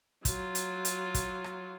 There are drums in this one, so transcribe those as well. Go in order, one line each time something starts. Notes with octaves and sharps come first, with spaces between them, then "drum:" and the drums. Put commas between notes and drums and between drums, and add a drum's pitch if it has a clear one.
F#3 F4, drum: kick, hi-hat
drum: hi-hat
drum: hi-hat
drum: kick, hi-hat
drum: rim click